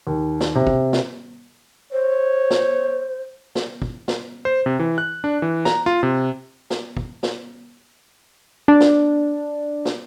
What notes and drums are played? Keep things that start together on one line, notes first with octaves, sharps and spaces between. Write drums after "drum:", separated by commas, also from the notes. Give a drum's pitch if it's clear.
D#2
drum: snare
C3
drum: kick
drum: snare
C5 C#5
drum: snare
drum: snare
drum: kick
drum: snare
C5
C3
E3
F#6
D4
E3
A#5, drum: snare
F4
C3
drum: snare
drum: kick
drum: snare
D4
drum: snare
drum: snare